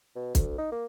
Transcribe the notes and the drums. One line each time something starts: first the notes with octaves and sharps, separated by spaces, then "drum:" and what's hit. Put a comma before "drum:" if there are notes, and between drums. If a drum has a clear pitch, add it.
B2
D2, drum: kick, hi-hat
D#4
A#3